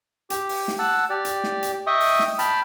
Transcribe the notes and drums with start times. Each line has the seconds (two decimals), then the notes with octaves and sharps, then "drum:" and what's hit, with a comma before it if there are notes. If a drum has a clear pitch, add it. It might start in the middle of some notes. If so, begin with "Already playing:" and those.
0.30 G4, drum: hi-hat
0.49 drum: open hi-hat
0.68 drum: snare
0.79 F#5 A5 E6 F#6
1.10 G4 D5
1.25 drum: hi-hat
1.44 drum: snare
1.63 drum: hi-hat
1.87 D#5 E5 G5 C#6 D#6
2.00 drum: open hi-hat
2.19 drum: snare
2.39 G5 A5 B5 F6, drum: hi-hat